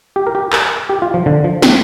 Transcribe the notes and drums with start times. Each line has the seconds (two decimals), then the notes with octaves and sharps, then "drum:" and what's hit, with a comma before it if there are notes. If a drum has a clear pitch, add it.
0.16 G4
0.27 A#4
0.35 G4
0.53 A#4, drum: clap
0.89 G4
1.02 F4
1.14 F3
1.26 D3
1.44 F3
1.62 C4, drum: snare